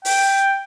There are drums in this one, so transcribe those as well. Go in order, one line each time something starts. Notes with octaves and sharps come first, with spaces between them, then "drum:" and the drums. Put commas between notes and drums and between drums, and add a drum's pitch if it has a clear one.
G5, drum: open hi-hat